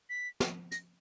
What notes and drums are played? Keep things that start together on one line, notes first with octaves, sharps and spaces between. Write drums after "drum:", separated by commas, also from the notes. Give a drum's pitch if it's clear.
B6
drum: snare
A#6, drum: hi-hat